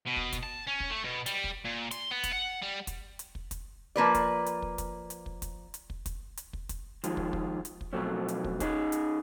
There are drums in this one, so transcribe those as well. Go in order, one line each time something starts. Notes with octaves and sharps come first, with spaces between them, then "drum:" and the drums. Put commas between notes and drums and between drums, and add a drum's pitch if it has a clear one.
B2
drum: kick
drum: kick, hi-hat
A5
C#4
drum: kick
A3
B2
G3, drum: hi-hat
drum: kick
A#2
C6, drum: hi-hat
B3
drum: kick, hi-hat
F#5
G3
drum: kick, hi-hat
drum: hi-hat
drum: kick
drum: kick, hi-hat
F3 A#3 B4 D5
drum: kick, hi-hat
drum: hi-hat
drum: kick
drum: kick, hi-hat
drum: hi-hat
drum: kick
drum: kick, hi-hat
drum: hi-hat
drum: kick
drum: kick, hi-hat
drum: hi-hat
drum: kick
drum: kick, hi-hat
D#3 F3 G#3, drum: hi-hat
drum: kick
drum: kick
drum: hi-hat
drum: kick
B2 F3 F#3 A3 C4 C#4
drum: hi-hat
drum: kick
C#4 D#4 G#4, drum: kick, hi-hat
drum: hi-hat